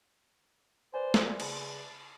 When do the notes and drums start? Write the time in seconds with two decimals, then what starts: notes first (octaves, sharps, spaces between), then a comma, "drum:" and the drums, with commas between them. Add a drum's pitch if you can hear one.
0.94 B4 C5 D5 G#5
1.14 drum: snare
1.40 C#3, drum: cymbal